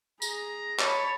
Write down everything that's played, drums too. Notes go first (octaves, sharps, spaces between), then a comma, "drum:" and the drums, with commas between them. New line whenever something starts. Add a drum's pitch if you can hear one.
G#4 A#5, drum: tambourine
C#5 A5 B5, drum: clap